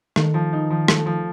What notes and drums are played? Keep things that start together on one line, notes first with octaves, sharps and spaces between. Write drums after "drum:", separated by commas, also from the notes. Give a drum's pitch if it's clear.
D#3 A3, drum: rim click
F3
D#4
F3
A3, drum: rim click
F3